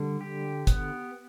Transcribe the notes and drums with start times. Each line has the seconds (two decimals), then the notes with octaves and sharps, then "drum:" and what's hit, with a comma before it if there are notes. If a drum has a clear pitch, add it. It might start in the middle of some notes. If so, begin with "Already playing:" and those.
Already playing: D3 G3
0.21 G4
0.67 B3, drum: kick, hi-hat